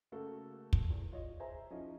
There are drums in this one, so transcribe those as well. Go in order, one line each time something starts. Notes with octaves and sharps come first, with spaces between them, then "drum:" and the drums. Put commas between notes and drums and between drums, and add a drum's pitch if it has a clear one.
C#3 A3 A#3 F#4 A4
drum: kick
E2
F4 C#5 D#5
G#4 C5 E5 G#5 A#5
F3 C#4 D#4 E4 G#4 D#5